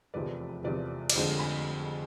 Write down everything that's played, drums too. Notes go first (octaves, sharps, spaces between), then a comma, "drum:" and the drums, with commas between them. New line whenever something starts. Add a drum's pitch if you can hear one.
F1 E2 C3 F3 B4 D5
F1 E2 C3 F3 B4 D5
D5, drum: cymbal
F1 F2 D3 F3 G#3 C5
G#5 B5